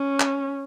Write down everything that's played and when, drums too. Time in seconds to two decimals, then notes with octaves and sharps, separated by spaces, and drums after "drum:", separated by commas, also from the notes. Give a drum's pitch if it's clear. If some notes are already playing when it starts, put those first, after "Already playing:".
Already playing: C#4
0.20 drum: clap